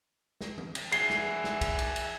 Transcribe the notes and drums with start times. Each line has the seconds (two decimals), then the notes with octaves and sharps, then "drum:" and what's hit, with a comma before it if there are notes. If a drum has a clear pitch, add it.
0.41 drum: snare
0.58 drum: tom E3
0.75 drum: cymbal
0.92 D4 F#4 G#4 E5 G#5 C7 G7, drum: cymbal
1.10 drum: snare
1.44 drum: snare
1.61 drum: kick, cymbal
1.79 drum: cymbal
1.96 drum: cymbal